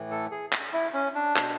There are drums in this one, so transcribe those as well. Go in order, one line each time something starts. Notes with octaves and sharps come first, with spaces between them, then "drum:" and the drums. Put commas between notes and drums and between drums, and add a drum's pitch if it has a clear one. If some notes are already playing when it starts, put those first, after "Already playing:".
Already playing: A2 E3
A4
G#4
drum: clap
E4
C#4
D4
B2, drum: clap